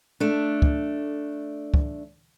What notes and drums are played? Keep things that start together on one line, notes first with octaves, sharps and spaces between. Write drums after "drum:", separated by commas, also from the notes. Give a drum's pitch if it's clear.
A3 D4
drum: kick
drum: kick